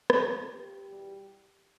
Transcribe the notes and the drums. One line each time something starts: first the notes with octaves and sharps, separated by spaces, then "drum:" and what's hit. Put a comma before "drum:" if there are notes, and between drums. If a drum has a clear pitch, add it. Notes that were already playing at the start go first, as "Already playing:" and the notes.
D2 D3 F3, drum: rim click
G4
E2 B2 G3